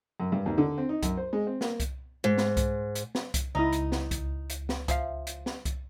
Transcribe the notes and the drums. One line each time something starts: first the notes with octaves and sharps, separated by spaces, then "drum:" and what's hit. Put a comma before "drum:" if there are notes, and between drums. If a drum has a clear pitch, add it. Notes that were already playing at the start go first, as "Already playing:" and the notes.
F#2
G2
D#2
D3
C4
D#4
F#2, drum: kick C2, hi-hat
C5
G#3
C4
A#3, drum: snare
drum: kick C2, hi-hat
G#2
drum: snare
drum: kick C2, hi-hat
drum: hi-hat
drum: snare
drum: kick C2, hi-hat
C#2 D#4 E4 D#5 A#5
drum: hi-hat
drum: snare
drum: kick C2, hi-hat
drum: hi-hat
drum: snare
F3 E5 F5, drum: kick C2, hi-hat
drum: hi-hat
drum: snare
drum: kick C2, hi-hat